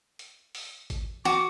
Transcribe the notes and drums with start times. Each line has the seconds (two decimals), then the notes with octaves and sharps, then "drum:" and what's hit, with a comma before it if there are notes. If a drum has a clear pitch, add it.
0.19 drum: hi-hat
0.55 drum: open hi-hat
0.90 drum: kick G#1, hi-hat
1.25 F#4 D6, drum: snare